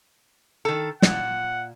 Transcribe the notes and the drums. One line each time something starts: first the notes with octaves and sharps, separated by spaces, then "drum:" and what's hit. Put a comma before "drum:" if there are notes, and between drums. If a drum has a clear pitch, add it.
D#3 A4
A#2 F#5, drum: snare